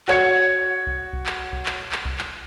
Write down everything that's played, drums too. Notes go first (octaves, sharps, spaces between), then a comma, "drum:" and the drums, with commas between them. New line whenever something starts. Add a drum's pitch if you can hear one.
F#4 C#5 G#6 C#7, drum: clap
drum: kick C2
drum: kick C2
drum: clap
drum: kick C2
drum: clap
drum: clap
drum: kick C2
drum: clap